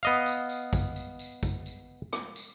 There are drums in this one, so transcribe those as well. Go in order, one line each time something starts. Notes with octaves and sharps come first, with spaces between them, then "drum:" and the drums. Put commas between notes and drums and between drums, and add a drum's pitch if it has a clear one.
B3 D#5 F5, drum: tambourine
drum: tambourine
drum: tambourine
drum: kick, tambourine
drum: tambourine
drum: tambourine
drum: kick, tambourine
drum: tambourine
drum: rim click
drum: tambourine